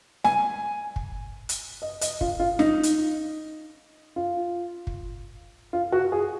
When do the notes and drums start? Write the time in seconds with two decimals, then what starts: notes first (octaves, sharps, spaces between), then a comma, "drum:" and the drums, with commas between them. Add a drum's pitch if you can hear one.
0.24 G#5, drum: snare
0.96 drum: kick
1.49 drum: hi-hat
1.82 D#5
2.01 D#5, drum: hi-hat
2.21 F4, drum: kick
2.40 F4
2.59 D#4, drum: snare
2.83 drum: hi-hat
4.16 F4
4.87 drum: kick
5.73 F4
5.92 F#4
6.12 G#4